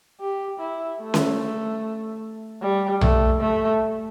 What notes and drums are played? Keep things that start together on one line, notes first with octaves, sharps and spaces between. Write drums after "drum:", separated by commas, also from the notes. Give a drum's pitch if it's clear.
G4
E4
A3
drum: snare C#4
G3
A3, drum: tom B1
A3